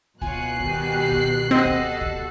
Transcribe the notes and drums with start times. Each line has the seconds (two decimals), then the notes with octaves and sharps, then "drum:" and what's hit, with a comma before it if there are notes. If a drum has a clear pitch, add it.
0.21 B2 F4 C#5 G#5 F#6 C7, drum: kick C#2
0.60 D#3 G3 G4, drum: kick C#2
1.11 drum: kick C#2
1.51 G3 C4 F#4 A4 D#5
1.65 drum: kick C#2
2.01 drum: kick C#2